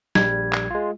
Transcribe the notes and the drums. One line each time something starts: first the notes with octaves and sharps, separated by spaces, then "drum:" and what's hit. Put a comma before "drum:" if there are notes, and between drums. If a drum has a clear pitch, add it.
A#1 G3 G#6, drum: snare
drum: clap
G#3 F4